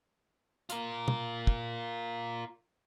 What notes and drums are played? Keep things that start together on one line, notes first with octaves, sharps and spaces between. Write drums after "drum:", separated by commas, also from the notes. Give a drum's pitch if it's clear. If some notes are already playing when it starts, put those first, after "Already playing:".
F4 A#4, drum: hi-hat
drum: tom
drum: kick